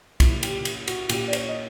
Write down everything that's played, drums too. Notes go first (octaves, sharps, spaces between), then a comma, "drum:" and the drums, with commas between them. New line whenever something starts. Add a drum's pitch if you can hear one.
A#2 E4, drum: kick, cymbal
G4, drum: cymbal
drum: cymbal
F#4, drum: cymbal
A#2 G4, drum: cymbal
D5
C#5, drum: cymbal
D#5